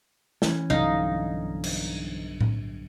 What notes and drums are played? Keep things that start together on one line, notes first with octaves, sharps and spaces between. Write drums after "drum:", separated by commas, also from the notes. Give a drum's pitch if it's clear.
E3 C#4, drum: snare
B1 G2 D3 D#4 F5, drum: tom C3
drum: cymbal
drum: tom A2